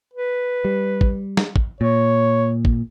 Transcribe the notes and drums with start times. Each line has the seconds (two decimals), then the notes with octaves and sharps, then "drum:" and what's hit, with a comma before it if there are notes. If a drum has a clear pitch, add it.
0.14 B4
0.65 G3
1.01 drum: kick
1.37 drum: snare
1.56 drum: kick
1.81 A#2 C#5
2.65 drum: kick